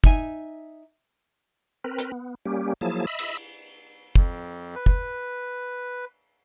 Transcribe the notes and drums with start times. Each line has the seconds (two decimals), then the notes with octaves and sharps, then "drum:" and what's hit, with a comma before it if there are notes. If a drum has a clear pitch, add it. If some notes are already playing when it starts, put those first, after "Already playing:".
0.04 D#4 E5 G#5, drum: kick
1.84 C4 A#4 B4
1.99 drum: hi-hat
2.12 B3
2.45 G3 A#3 C#4 G4
2.81 F3 F#3 A#3 E4 G#4 A5
3.07 D#5 E5 B5 E6
3.19 drum: cymbal
4.15 F2, drum: kick
4.76 B4
4.86 drum: kick